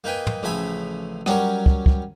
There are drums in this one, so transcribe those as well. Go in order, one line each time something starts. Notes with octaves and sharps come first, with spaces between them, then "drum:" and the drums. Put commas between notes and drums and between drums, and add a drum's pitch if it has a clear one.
A#3 D#4 B4 G5 G#5
drum: tom
A1 C#3 F3 E5 G#5 B5
F#3 G3 C#4 A#4 C#6, drum: rim click
drum: kick
drum: kick